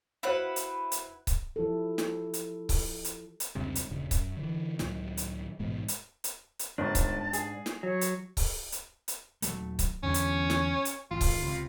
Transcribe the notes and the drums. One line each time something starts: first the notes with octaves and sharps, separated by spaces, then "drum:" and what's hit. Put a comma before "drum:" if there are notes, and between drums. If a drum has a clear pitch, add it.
E4 F#4 B4 C5 F5 F#5
drum: hi-hat
drum: hi-hat
drum: kick C#1, hi-hat
F3 E4 G4 A4
drum: snare
drum: hi-hat
drum: kick C#1, open hi-hat
drum: hi-hat
drum: hi-hat
F1 C#2 G2 C3
drum: hi-hat
D#1 G2 C#3
F#2, drum: kick C#1, hi-hat
D3 E3
C#2 A2 D#3 F#3, drum: snare
drum: hi-hat
A1 G#2 B2 G#3
drum: hi-hat
drum: hi-hat
drum: hi-hat
G1 G#2 D4 A5
drum: kick C#1, hi-hat
G#4, drum: hi-hat
drum: snare
F#3 C#5
drum: hi-hat
drum: kick C#1, open hi-hat
drum: hi-hat
drum: hi-hat
D#1 F#3 A3, drum: hi-hat
drum: kick C#1, hi-hat
E2 D3 G3 C#4
drum: hi-hat
drum: snare
drum: hi-hat
G#1 F4
drum: kick C#1, open hi-hat
C#2 C3